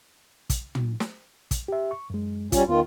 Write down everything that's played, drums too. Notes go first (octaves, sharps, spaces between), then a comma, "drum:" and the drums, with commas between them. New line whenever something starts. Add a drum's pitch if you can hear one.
drum: kick, hi-hat
drum: tom
drum: snare
drum: kick, hi-hat
G4 E5
C#6
F#2 G#3
G3 C#4 F4, drum: kick, hi-hat
E2 D#3 B3 F4